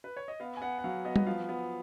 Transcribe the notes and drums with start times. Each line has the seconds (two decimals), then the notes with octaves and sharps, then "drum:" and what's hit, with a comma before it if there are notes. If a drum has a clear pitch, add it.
0.04 B4
0.17 C#5
0.28 D#5
0.40 B3 F5
0.57 G#5
0.62 B3 F#5
0.78 F#5
0.84 F#3 F5
1.05 B3 D#5
1.16 drum: tom G3
1.26 F3 F5
1.49 B3